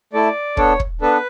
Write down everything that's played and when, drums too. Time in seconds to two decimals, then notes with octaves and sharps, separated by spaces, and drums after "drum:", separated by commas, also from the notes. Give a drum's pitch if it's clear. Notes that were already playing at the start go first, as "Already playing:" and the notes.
0.13 A3 E4 A4 D5
0.57 B3 D4 A4 C#5, drum: kick
0.80 drum: kick
1.01 B3 D4 A4 B4